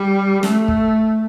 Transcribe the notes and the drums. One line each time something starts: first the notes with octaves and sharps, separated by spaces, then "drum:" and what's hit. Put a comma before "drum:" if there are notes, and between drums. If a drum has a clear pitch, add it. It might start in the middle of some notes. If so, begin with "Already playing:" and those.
Already playing: G3
A3, drum: snare
drum: kick